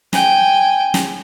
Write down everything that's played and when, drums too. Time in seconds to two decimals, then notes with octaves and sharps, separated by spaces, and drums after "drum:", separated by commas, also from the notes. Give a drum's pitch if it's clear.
0.13 G5 G#5, drum: snare
0.94 drum: snare